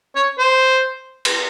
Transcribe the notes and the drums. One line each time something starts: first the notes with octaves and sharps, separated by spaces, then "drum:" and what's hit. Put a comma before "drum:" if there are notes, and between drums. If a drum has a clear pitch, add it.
C#5
C5
drum: cymbal